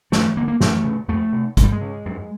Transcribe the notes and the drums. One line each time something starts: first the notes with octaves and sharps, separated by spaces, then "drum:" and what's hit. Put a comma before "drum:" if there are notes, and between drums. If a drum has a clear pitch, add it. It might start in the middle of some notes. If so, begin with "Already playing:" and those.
F#2 A3, drum: snare
D3 A#3
A#3
F#2 A3, drum: snare
C#3
F2 A3
C3
D2 G#3, drum: kick, hi-hat
G3
G#3
C#3
F#2